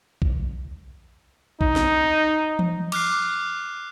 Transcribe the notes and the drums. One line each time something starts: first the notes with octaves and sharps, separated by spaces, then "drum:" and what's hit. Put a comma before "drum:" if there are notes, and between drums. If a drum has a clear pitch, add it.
drum: kick B1
D#4, drum: kick B1
drum: snare
drum: tom E3
D6 F6 F#6 C7, drum: cymbal